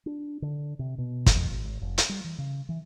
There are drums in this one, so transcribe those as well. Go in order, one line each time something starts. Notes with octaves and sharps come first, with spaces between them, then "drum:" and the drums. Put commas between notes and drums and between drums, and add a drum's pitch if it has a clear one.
D4
D3
C3
B2
drum: kick, hi-hat
F2
G#1
F1
drum: hi-hat
G3
E3
C#3
E3